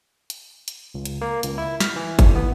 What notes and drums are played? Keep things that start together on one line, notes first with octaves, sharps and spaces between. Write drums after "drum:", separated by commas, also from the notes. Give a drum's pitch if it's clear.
drum: hi-hat
drum: hi-hat
C#2
drum: hi-hat
A#3
C#2, drum: hi-hat
E4
F6, drum: snare
E3
drum: kick G1, hi-hat
B3